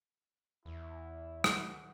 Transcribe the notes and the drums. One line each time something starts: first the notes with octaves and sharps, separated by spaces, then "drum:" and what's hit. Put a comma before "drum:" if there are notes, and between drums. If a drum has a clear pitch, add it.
E2 E4
F#3 F#5, drum: rim click